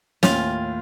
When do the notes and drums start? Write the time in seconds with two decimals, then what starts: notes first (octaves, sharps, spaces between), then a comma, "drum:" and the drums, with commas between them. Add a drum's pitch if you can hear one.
0.23 D#2 A2 C#4 F4, drum: snare